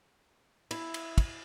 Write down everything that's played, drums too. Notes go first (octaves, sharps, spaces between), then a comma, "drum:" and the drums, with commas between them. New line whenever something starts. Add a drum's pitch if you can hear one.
E4, drum: cymbal
drum: cymbal
drum: kick, cymbal